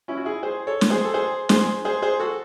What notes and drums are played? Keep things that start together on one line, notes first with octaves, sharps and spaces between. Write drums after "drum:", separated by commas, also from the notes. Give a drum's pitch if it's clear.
C#4 E4
F#4
E4 G#4
G#4 C5
A4 C#5
drum: snare
G#4 C5
A4
G#4 C5
G#4 C5, drum: snare
G#4 C5
G#4 C5
F#4 A4